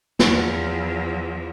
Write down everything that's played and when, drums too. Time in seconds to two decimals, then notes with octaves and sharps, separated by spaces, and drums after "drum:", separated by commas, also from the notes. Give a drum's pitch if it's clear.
0.19 E2 F3, drum: snare